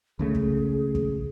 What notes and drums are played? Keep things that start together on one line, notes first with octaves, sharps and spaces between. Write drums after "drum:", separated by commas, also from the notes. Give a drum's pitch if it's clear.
C#2 C#3 A3 G#4
drum: kick
drum: kick